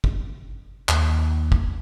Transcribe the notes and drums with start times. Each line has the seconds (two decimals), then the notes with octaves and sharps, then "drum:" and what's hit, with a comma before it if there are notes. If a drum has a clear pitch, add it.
0.04 drum: kick
0.89 D#2, drum: clap
1.52 drum: kick